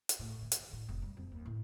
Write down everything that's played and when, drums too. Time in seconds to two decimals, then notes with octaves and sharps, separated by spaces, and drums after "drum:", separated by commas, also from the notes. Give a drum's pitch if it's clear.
0.09 drum: hi-hat
0.19 A2
0.42 D#3
0.52 drum: hi-hat
0.73 A2
0.89 F1
1.02 G3
1.17 F2
1.32 D#2
1.46 A2